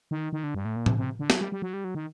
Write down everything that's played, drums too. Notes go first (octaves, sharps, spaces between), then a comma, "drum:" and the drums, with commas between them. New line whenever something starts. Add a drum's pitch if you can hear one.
D#3
D#3
D3
G2
A2
A#2
C3, drum: tom A2
C3
D3
F#3, drum: snare
G3
G3
F#3
G3
F#3
D#3